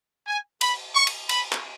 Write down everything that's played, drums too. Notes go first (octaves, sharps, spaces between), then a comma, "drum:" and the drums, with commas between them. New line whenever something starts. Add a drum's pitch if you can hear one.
G#5
B5, drum: cymbal
C#6
drum: cymbal
B5, drum: cymbal
drum: clap